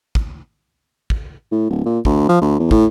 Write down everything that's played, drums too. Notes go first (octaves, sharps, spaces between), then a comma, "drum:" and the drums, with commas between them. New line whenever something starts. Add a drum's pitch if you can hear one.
drum: kick
drum: kick
A2
D1
A#2
D2, drum: kick
F3
D2
E2
A2, drum: kick